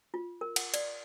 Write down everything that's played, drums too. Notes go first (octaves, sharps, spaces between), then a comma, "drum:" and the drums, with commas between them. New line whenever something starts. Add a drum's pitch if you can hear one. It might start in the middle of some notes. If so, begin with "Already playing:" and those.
F4
A#4
F#5, drum: cymbal
D5, drum: cymbal